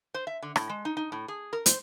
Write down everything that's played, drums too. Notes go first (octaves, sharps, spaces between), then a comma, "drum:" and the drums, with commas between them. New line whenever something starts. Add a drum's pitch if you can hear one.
C5
E5
D3
A2, drum: rim click
G#3
D#4
D#4
A2
G#4
A#4
C5, drum: hi-hat